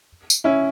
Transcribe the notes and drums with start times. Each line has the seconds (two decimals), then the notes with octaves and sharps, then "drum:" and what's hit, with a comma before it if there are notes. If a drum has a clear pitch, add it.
0.30 drum: tambourine
0.44 C#4 E4